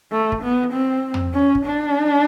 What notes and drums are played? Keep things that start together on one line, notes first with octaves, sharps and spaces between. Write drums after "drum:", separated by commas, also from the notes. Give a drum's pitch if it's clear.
A3
drum: kick
B3
C4
drum: tom
C#4
drum: kick
D4